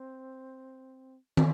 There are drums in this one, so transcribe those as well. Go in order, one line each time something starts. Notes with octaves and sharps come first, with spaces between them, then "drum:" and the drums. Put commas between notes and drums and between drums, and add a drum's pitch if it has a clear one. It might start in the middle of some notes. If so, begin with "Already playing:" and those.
Already playing: C4
C#4, drum: tom